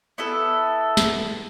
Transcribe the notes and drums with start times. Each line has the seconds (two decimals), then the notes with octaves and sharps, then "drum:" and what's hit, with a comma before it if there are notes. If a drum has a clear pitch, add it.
0.18 B3 E4 A4
0.97 drum: snare